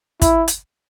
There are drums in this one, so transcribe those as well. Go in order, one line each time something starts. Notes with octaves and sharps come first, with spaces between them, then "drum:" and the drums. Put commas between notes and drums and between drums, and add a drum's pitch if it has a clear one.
E4, drum: kick, hi-hat
drum: hi-hat